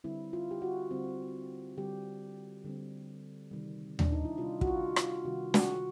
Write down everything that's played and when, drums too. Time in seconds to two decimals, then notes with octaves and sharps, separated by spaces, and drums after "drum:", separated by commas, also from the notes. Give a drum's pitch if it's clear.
0.04 D3 G3 C4 E4
0.33 F4
0.51 G4
0.62 F#4
0.91 D3 G3 C4
1.78 D3 G3 C4 G4
2.65 D3 G3 C4
3.51 C3 D#3 G3
3.99 D4, drum: tom D#2
4.12 D#4
4.25 E4
4.38 C3 D#3 G3 F4
4.61 F#4, drum: kick
4.67 F4
4.96 F4, drum: rim click
5.25 C3 D#3 G3 F#4
5.54 F#4, drum: snare